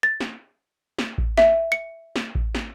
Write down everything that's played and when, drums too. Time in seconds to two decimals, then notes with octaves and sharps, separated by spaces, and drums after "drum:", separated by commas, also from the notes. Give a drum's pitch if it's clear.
0.03 A6
0.20 drum: snare
0.99 drum: snare
1.18 drum: kick A1
1.38 E5, drum: snare
1.72 C#7
2.16 drum: snare
2.35 drum: kick A1
2.55 drum: snare